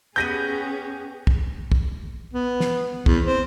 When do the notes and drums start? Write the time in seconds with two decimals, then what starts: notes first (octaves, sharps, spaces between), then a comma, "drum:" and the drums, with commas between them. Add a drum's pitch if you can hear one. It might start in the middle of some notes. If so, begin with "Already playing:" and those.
0.16 B3 C#4 E4 G4 G#4 G6 A#6 D#7
1.27 drum: kick
1.72 drum: kick
2.33 B3
2.60 drum: snare
3.06 E2, drum: kick
3.25 C4